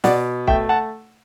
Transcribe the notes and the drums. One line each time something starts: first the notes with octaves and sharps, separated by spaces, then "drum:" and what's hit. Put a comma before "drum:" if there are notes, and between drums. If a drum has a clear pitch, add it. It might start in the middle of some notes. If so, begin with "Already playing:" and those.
B2 D5 F#5, drum: snare
A3 E5 G5, drum: kick
F#5 A5